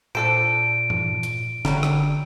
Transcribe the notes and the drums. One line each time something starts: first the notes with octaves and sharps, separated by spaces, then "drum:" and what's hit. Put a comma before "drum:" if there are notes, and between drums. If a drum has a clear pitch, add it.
A#2 D4 A4 C5 D7
drum: tom
drum: hi-hat
G1 D3 F#3 G3, drum: snare
drum: rim click